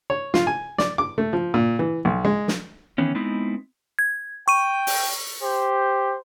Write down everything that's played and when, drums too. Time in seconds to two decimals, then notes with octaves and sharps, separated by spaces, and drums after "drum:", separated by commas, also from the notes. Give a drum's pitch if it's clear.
0.10 C#5
0.34 F4, drum: snare
0.47 G#5
0.78 D5, drum: snare
0.98 D6
1.18 A3
1.33 F3
1.54 A#2
1.79 E3
2.05 B1
2.25 G#3
2.48 drum: snare
2.98 D#3 E3 B3 C#4
3.15 G#3 B3 C4 D#4 E4
3.99 G#6
4.48 G5 C#6 D#7
4.87 drum: open hi-hat
5.42 G4 C5